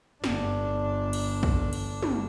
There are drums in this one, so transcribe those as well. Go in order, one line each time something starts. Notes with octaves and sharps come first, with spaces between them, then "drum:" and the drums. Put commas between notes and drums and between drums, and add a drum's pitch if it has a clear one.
G1 D4, drum: snare
drum: cymbal
drum: kick
drum: cymbal
drum: tom